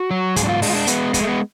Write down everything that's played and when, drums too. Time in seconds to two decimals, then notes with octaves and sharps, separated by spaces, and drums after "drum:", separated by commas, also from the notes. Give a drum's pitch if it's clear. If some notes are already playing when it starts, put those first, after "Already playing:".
Already playing: F#4
0.11 F#3
0.36 G#2 G#4, drum: kick, hi-hat
0.44 D4
0.49 F4
0.62 G#3 D4, drum: open hi-hat
0.70 F4
0.75 D4
0.87 G#3 B3, drum: hi-hat
1.14 G#3 B3, drum: kick, hi-hat
1.21 A3
1.29 B3